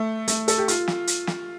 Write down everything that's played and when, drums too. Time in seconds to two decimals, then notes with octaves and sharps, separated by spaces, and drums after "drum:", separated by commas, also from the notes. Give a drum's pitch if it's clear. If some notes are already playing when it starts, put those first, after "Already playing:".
Already playing: A3
0.28 A3, drum: hi-hat
0.48 A4, drum: hi-hat
0.58 G4
0.68 F4, drum: hi-hat
0.88 drum: snare
1.07 drum: hi-hat
1.27 drum: snare